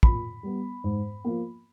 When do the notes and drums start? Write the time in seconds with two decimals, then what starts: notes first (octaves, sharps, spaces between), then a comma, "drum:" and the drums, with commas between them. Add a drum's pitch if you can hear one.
0.03 A#2 B5, drum: kick
0.43 G3 B3
0.84 G#2
1.24 F3 A#3